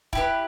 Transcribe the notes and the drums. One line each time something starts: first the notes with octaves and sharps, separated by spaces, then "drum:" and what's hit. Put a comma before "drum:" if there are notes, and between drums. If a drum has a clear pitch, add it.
E4 G4 B4, drum: kick